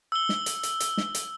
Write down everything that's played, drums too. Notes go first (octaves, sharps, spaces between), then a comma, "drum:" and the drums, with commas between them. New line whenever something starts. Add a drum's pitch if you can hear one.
E6 G7
drum: snare
drum: hi-hat
drum: hi-hat
drum: hi-hat
drum: snare
drum: hi-hat